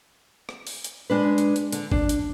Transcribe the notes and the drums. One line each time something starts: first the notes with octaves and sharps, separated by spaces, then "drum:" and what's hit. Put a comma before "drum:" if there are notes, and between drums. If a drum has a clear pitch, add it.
drum: rim click
drum: open hi-hat
drum: hi-hat
G#3 D4 B4
drum: hi-hat
drum: hi-hat
D3, drum: hi-hat
D4, drum: kick G#1
drum: hi-hat